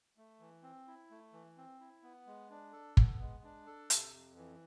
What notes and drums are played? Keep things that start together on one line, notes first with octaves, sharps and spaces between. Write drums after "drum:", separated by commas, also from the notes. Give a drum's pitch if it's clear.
A3
E3
C4
E4
A3
E3
C4
E4
B3
G#3
D4
A4
B3, drum: kick
G#3
D4
A4
C3, drum: hi-hat
F2
E3